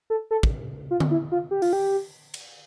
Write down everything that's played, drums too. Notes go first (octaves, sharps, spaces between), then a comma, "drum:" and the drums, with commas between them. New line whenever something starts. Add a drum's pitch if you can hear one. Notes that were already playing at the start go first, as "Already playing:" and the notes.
A4
A4
drum: kick
F4
drum: tom D3
E4
F4
G4
F4, drum: open hi-hat
G4
drum: cymbal